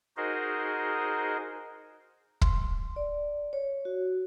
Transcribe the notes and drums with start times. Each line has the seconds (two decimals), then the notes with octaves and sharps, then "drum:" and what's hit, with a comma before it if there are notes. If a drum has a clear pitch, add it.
0.17 D#4 F#4 G#4 A#4 C5 D#5
2.41 C6, drum: kick
2.96 D5
3.53 C#5
3.85 F#4